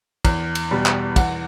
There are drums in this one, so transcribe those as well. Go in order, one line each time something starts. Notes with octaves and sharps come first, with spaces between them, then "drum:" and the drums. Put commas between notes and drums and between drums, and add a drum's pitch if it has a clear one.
E2, drum: kick, cymbal
drum: cymbal
B2 G3
drum: clap
E2 F#5, drum: kick, cymbal